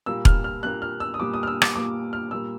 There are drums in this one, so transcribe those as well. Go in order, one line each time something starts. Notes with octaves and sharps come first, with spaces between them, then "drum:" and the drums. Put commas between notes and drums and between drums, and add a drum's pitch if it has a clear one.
A#2 G3 A#3 E6
F6, drum: kick E1
F6
A#2 G3 A#3 F#6
F6
E6
D#6
A#2 G3 A#3 D6
D#6
F6
E6
D6, drum: rim click
A#2 G3 A#3 D6
F6
A#2 G3 A#3 E6